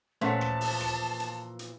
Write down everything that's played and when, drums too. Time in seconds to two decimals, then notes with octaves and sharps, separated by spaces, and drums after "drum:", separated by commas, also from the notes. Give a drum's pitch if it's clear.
0.21 A#2 E3 F3 A3 C#4 F#5 A5
0.41 drum: rim click
0.61 drum: open hi-hat
0.80 drum: rim click
1.20 drum: hi-hat
1.59 drum: hi-hat